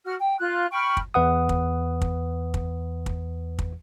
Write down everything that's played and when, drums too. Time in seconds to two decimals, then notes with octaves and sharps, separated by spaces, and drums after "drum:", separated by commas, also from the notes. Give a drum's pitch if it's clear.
0.05 F#4 F6
0.20 G5
0.39 F4 F#6
0.72 G5 B5 C#6 F6
0.97 drum: kick
1.14 E2 B4 F#5 D#6
1.49 drum: kick
2.01 drum: kick
2.54 drum: kick
3.06 drum: kick
3.59 drum: kick